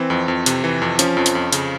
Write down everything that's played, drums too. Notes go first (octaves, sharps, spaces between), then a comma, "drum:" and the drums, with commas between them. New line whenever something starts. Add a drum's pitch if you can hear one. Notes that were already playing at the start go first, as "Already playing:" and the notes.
Already playing: E3 C4
F2
F2
C3, drum: hi-hat
E3
F2
F3 C#4, drum: hi-hat
F2
drum: hi-hat
F2
C#3, drum: hi-hat